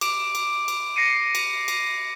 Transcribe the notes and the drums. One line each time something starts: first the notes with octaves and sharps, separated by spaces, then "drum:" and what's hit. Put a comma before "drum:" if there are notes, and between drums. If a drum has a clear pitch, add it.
D6 D7, drum: cymbal
drum: cymbal
drum: cymbal
A#6 C7 C#7 D#7
drum: cymbal
drum: cymbal